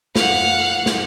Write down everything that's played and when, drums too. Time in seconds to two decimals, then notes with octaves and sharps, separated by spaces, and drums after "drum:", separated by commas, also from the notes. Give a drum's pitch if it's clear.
0.16 F5 F#5, drum: snare
0.86 drum: snare